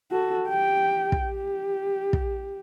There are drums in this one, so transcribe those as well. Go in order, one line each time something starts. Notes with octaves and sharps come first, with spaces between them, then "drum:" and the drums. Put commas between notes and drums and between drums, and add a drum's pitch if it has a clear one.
F#4 A4
G4 G5
drum: kick
G4
drum: kick